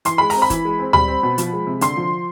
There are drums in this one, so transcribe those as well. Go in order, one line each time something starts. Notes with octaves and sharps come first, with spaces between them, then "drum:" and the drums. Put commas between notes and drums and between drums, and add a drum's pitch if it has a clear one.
E3 C6, drum: hi-hat
G#3 B5
C4 A#5, drum: open hi-hat
B5
E3, drum: kick, hi-hat
G#3
C4
G3 B5, drum: tom D2
C4
B2
F3, drum: hi-hat
G#3
C3
D3 C6, drum: hi-hat
F3